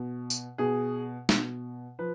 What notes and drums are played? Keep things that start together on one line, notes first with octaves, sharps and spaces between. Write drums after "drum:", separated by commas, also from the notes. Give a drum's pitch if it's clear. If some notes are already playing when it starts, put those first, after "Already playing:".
Already playing: B2
drum: tambourine
B2 G#4
B2, drum: snare
F3 B4